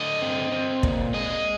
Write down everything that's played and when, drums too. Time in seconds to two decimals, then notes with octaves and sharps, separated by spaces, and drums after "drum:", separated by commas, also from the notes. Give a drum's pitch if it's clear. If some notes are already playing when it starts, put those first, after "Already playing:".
Already playing: D3 D#5
0.22 C4
0.52 C4
0.83 A#2, drum: kick
1.14 G#3 D#5